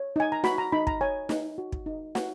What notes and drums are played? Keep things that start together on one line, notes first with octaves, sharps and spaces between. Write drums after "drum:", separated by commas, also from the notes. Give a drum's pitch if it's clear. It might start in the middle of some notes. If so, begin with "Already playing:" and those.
Already playing: C#5
D#4 G#5
A#5
F#4 B5, drum: snare
A#5
D#4 B5
A#5, drum: kick
C#5 G#5
D#4, drum: snare
F#4
drum: kick
D#4
F#4 F#5, drum: snare